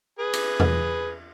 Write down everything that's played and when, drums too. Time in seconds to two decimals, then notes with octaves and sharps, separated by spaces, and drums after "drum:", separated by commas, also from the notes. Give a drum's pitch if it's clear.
0.19 G#4 B4
0.33 drum: cymbal
0.60 drum: tom E2